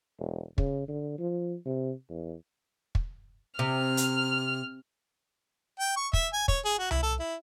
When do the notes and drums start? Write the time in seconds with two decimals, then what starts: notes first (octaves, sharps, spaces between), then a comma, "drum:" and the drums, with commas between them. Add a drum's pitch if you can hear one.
0.19 E1
0.58 C#3, drum: kick
0.88 D3
1.19 F3
1.65 C3
2.09 E2
2.95 drum: kick
3.59 C3 F6
3.97 drum: hi-hat
5.80 G5
5.97 C#6
6.13 E5, drum: kick
6.33 G#5
6.48 C#5, drum: kick
6.65 G#4
6.79 F#4
6.91 E4, drum: tom C2
7.02 A4
7.19 E4